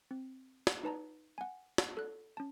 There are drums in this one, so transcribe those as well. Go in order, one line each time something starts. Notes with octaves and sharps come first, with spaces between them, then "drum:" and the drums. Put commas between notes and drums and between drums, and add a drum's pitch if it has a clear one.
C4
drum: snare
D#4 B4 A5 A#5
F#5 G#5
drum: snare
A4 F#6
C#4 A5